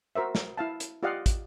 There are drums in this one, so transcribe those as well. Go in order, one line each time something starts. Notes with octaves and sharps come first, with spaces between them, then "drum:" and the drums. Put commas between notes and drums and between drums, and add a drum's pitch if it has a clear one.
F#4 A#4 C5 E5
drum: snare
E4 F5 A5
drum: hi-hat
F4 G4 D5 D#5 F5 F#5
drum: kick, hi-hat